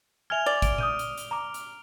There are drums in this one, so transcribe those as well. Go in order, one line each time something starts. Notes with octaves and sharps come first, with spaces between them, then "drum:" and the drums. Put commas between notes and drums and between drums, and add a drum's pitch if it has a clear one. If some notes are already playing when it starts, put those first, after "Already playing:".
E5 G#5 F6 G#6 F7 G7
D5
D7, drum: kick, hi-hat
D#6 G6 D#7, drum: tom A#2
drum: hi-hat
drum: hi-hat
A#5 D6
drum: hi-hat